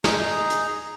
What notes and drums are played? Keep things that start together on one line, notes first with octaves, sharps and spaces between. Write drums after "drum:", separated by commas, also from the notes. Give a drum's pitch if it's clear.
D#4 G#4 A#5, drum: snare
drum: hi-hat